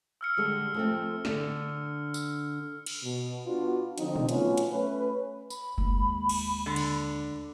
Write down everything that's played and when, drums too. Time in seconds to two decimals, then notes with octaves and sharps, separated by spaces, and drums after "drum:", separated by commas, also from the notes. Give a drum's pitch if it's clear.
0.21 E6 F6 C#7
0.37 D3 G3 G#3
0.74 F3 A3 C4
1.25 D3 D4, drum: snare
2.14 drum: tambourine
2.86 drum: cymbal
3.03 B2
3.47 B3 D4 F4 F#4
3.98 D3 F3 C4 D#4, drum: hi-hat
4.16 drum: tom A#2
4.29 F#3 A3 B3 C#4 F4, drum: hi-hat
4.58 drum: hi-hat
4.70 A3 C#4 B4
5.50 B5, drum: tambourine
5.78 D#2 G#3, drum: kick F#1
6.29 drum: cymbal
6.66 D3
6.76 drum: cymbal